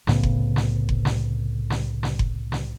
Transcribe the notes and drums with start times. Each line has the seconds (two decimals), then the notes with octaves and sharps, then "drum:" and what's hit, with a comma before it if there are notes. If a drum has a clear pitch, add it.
0.07 C2 A2 C#3 B3, drum: snare
0.23 drum: kick F#1
0.56 drum: snare
0.89 drum: kick F#1
1.05 drum: snare
1.70 drum: snare
2.03 drum: snare
2.19 drum: kick F#1
2.52 drum: snare